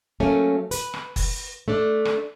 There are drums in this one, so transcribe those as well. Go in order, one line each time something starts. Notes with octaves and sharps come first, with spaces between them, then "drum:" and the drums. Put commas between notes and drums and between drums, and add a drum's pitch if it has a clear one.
F#3 A3 A#3 C#4
B4, drum: hi-hat
drum: rim click
drum: kick, open hi-hat
A3 D4 D5
drum: rim click